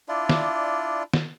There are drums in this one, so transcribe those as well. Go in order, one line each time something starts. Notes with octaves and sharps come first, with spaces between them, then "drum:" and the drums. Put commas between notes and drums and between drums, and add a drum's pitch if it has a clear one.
D4 E4 F4 D5
drum: snare
drum: snare